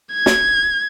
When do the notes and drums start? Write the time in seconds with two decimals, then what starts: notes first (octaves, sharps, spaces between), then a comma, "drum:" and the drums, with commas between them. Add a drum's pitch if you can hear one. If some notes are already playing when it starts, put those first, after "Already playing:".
0.13 G#6
0.26 drum: snare